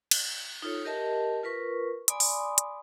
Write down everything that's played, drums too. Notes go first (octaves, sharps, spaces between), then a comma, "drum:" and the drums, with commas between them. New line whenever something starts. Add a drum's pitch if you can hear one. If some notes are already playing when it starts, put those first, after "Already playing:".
drum: cymbal
D#4 F4 A4 C#5
G4 A#4 D#5 E5 A5
F4 A#4 B4 C#6
D5 G#5 B5 C6 D6 D#6, drum: hi-hat
drum: open hi-hat
drum: hi-hat